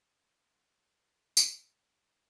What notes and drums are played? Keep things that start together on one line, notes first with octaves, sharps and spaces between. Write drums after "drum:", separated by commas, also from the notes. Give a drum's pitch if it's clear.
A#4 C5
drum: tambourine